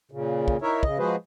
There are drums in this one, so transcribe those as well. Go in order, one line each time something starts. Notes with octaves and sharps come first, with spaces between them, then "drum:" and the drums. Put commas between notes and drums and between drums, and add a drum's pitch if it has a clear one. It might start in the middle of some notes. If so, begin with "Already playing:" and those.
A#2 C#3
drum: kick
D#4 E4 A#4 C#5 E5
C#3 D#5, drum: kick
F3 G#3 F#4 G#4 B4 C5